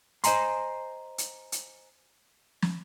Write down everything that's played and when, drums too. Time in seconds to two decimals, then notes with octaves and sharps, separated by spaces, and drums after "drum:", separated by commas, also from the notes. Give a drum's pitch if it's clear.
0.24 C5 D#5 G#5 A#5 C6, drum: hi-hat
1.18 drum: hi-hat
1.52 drum: hi-hat
2.62 drum: snare